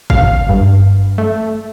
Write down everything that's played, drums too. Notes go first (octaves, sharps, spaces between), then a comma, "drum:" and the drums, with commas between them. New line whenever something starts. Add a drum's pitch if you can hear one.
F5, drum: kick G1
G2
A3